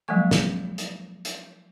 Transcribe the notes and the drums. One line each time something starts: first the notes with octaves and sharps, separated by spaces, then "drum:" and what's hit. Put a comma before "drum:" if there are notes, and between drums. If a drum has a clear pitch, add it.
F3 F#3 G#3 A#3 C#6
drum: snare
drum: hi-hat
drum: hi-hat